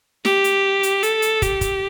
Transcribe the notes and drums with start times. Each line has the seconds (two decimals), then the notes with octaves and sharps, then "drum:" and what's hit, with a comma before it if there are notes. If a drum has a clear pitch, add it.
0.25 G4, drum: snare
0.44 drum: hi-hat
0.83 drum: hi-hat
1.03 A4, drum: hi-hat
1.22 drum: hi-hat
1.42 G4, drum: kick, hi-hat
1.61 drum: kick, hi-hat